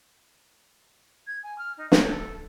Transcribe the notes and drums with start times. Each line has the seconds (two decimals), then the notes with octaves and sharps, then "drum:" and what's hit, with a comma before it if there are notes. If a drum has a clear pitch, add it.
1.27 G#6
1.43 G#5
1.58 F6
1.77 D#4
1.92 C#5, drum: snare
2.10 A4